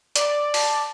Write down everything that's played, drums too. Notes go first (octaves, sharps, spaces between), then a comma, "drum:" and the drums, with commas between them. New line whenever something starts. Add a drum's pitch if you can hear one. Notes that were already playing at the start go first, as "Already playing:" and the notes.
D5, drum: hi-hat
A5, drum: open hi-hat